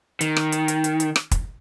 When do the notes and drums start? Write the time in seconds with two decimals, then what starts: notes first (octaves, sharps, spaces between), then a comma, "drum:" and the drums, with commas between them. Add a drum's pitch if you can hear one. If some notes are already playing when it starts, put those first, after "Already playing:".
0.21 D#3, drum: hi-hat
0.36 drum: rim click
0.52 drum: hi-hat
0.68 drum: hi-hat
0.84 drum: hi-hat
1.00 drum: hi-hat
1.16 drum: rim click
1.31 drum: kick, hi-hat